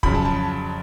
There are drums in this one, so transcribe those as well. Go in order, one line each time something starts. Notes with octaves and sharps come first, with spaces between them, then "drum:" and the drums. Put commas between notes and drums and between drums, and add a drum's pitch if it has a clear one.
F2 C#3 F#3 B5, drum: kick
A5
A5